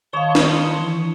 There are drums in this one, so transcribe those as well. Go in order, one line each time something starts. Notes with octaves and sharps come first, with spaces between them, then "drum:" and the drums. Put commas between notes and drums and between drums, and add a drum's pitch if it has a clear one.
D#3 C#5 F5 A5 C6 D#6
drum: snare
E3